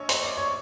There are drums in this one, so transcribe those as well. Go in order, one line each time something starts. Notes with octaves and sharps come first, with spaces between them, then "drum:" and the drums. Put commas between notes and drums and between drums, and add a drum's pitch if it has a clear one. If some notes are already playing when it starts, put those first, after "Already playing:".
Already playing: A#1 C#5 D#5
C5, drum: hi-hat
D5
C#5